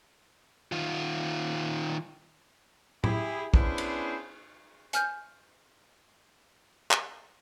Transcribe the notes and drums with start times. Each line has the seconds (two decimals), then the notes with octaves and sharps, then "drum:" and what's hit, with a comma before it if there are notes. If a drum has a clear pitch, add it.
0.72 D#3 F4
3.04 E4 G4 G#4, drum: tom
3.54 B3 C#4 D4 E4 G#4 C5, drum: kick
3.78 drum: cymbal
4.93 G#5 F6 G6, drum: hi-hat
6.91 drum: clap